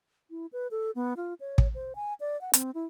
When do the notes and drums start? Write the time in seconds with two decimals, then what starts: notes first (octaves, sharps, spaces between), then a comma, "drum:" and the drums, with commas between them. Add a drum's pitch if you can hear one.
0.31 E4
0.53 B4
0.71 A4
0.95 B3
1.17 F4
1.40 C#5
1.58 drum: kick
1.75 C5
1.95 G#5
2.20 D5
2.41 F#5
2.53 C4, drum: hi-hat
2.75 E4